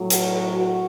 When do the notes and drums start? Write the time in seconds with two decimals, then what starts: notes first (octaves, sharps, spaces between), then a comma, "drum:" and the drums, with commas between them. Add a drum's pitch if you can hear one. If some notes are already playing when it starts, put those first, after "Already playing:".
Already playing: A2 F#3
0.10 F#4, drum: hi-hat
0.54 F#4